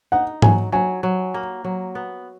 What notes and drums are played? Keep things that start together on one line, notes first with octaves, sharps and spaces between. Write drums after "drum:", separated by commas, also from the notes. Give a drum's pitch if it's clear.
D#4 F#5
F#3 G#5, drum: tom G#2
F#3 G#5
F#3
A#3
F#3
B3